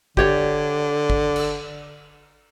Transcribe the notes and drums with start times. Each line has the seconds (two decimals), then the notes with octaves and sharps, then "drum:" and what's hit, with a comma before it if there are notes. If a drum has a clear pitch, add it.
0.17 D3 G4 C#5 D5, drum: kick
1.10 drum: kick
1.36 drum: cymbal